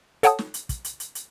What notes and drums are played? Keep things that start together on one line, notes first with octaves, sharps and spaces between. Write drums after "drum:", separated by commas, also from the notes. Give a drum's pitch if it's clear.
A4 C#5 F#5 G5 A5 D#6, drum: hi-hat
drum: snare
drum: hi-hat
drum: kick, hi-hat
drum: hi-hat
drum: hi-hat
drum: hi-hat